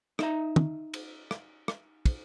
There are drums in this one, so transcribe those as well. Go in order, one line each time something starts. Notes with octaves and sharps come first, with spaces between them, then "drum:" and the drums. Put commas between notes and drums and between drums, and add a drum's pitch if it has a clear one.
D#4 E5 A#5, drum: rim click
drum: tom
drum: cymbal
drum: rim click
drum: rim click
drum: kick, cymbal